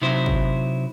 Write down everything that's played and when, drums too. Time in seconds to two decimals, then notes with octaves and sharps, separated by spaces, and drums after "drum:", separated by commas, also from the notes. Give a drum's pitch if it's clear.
0.02 C3 F#3 D#4 E4 C5
0.26 drum: kick